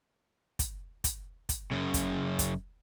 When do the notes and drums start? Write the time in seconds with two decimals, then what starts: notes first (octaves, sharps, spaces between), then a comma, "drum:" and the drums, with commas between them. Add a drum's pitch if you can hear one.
0.59 drum: kick, hi-hat
1.04 drum: kick, hi-hat
1.49 drum: kick, hi-hat
1.71 F#2 C#3
1.94 drum: kick, hi-hat
2.39 drum: kick, hi-hat